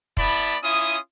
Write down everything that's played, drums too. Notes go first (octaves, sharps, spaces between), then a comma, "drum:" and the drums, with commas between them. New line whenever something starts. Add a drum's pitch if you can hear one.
B3 E4 D5 A5 B5, drum: kick
C#4 E4 F4 D#6